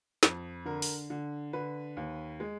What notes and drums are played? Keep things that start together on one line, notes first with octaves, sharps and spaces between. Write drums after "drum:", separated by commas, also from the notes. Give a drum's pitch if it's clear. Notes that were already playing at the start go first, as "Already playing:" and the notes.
F2, drum: snare
D3 A#4
drum: open hi-hat
D3
D3 B4
D#2
G#3